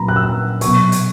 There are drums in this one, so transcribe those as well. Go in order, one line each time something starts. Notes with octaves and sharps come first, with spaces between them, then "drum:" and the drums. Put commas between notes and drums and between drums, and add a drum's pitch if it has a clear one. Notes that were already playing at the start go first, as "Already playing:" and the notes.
Already playing: A#2 F#3 A#5 B5
F#6
E6
B2 F#3 C#6, drum: hi-hat
drum: hi-hat